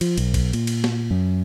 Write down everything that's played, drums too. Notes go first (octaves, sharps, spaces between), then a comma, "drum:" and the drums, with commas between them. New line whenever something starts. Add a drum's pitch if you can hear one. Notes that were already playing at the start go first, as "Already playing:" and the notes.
F3, drum: cymbal
B1, drum: cymbal
drum: kick, cymbal
A#2, drum: cymbal
drum: cymbal
drum: snare
F#2